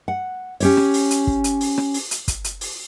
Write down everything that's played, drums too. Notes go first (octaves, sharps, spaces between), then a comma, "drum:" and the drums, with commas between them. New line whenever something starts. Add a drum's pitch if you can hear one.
F#5
C#4 G4 C#5, drum: open hi-hat
drum: rim click
drum: open hi-hat
drum: hi-hat
drum: kick
drum: hi-hat
drum: open hi-hat
drum: rim click
drum: open hi-hat
drum: hi-hat
drum: kick, hi-hat
drum: hi-hat
drum: open hi-hat